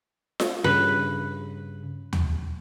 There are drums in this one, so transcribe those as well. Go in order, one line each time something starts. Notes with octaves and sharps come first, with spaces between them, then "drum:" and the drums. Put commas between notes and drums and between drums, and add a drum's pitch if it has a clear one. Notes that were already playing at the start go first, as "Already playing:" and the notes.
drum: snare F4
G2 C#3 B4
drum: tom D#2